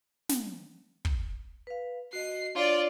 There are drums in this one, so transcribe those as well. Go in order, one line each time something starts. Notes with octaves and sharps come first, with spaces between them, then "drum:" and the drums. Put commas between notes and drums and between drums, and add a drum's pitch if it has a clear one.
drum: snare
drum: kick
B4 F5
F#4 D#5 C7
D4 F4 C#5 D5 D6